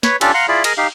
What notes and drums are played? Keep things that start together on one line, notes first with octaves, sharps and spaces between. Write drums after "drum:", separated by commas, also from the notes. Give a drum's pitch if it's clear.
B4 C#5, drum: snare
C#4 D4 F4 G4 A4, drum: cymbal
F5 F#5 A#5 C6 F6
E4 F4 G#4 D5 B5
G#4 A#4 D#5, drum: cymbal
D#4 G4 F5